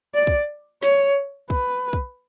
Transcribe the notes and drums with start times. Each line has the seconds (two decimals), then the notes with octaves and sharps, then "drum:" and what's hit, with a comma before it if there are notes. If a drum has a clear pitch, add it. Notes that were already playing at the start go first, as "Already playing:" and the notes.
0.15 D5
0.27 drum: kick
0.82 C#5, drum: snare
1.50 B4, drum: kick
1.93 drum: kick